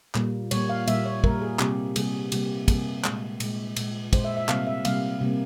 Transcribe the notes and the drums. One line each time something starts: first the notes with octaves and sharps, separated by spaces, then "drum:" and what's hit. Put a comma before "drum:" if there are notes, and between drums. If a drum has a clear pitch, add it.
A#2 G3 A#3, drum: clap
A#2 G3 A#3 C#5, drum: cymbal
F5
A#2 G3 A#3 E5, drum: cymbal
C#5
A#2 G3 A#3 A#4, drum: kick
G#4
C3 G3 A#3 G4, drum: clap
C3 G3 A#3 G#4, drum: cymbal
C3 G3 A#3 G4, drum: cymbal
C3 G3 A#3 G#4, drum: kick, cymbal
A#2 G#3, drum: clap
A#2 G#3, drum: cymbal
A#2 G#3, drum: cymbal
A#2 G#3 C5, drum: kick, cymbal
E5
E5
C3 G3 A#3 F5, drum: clap
E5
C3 G3 A#3 F5, drum: cymbal
C3 G3 A#3